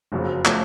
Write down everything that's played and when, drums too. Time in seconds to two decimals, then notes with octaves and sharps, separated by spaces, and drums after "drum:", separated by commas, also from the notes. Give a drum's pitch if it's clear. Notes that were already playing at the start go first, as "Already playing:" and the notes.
0.12 F#1 F2 C#3 F#3
0.45 F3 A3 C#4, drum: clap